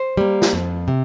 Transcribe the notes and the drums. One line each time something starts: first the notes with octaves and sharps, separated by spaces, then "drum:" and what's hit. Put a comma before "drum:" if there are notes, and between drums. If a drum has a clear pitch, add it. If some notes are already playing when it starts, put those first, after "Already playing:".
Already playing: C5
G3 A#3
drum: snare
F2
C3